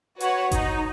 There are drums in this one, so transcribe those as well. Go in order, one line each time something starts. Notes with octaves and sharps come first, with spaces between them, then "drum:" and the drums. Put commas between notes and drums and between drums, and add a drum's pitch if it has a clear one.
F#4 B4 C#5 F#5, drum: hi-hat
D#4, drum: kick G1, hi-hat